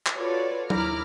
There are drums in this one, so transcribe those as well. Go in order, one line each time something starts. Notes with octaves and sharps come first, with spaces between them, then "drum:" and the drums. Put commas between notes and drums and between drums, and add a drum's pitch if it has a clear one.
drum: clap
F4 F#4 A4 B4 C#5 D5
D#2 E4 A#5 B5 D6 F6, drum: tom F#3